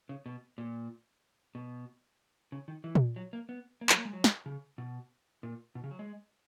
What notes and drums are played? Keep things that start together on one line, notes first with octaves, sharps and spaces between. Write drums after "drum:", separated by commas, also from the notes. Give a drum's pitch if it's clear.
C#3
B2
A#2
B2
C#3
D#3
E3
drum: tom A#2
F#3
A#3
B3
A#3
F#3, drum: clap
A#3
G#3
F#3
drum: snare
C#3
B2
A#2
B2
C#3
F#3
G#3